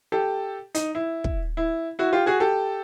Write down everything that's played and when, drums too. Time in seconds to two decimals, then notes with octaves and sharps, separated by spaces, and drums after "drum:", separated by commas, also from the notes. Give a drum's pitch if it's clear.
0.12 G4 A4
0.75 D#4, drum: hi-hat
0.95 E4
1.24 drum: kick
1.57 E4
1.99 E4 F#4
2.13 F4 G4
2.26 F#4 G#4
2.40 G4 A4